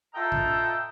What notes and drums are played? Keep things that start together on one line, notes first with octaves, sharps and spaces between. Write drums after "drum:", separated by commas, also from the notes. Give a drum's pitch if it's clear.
F4 A4 D#5 E5 G5 A#5
drum: kick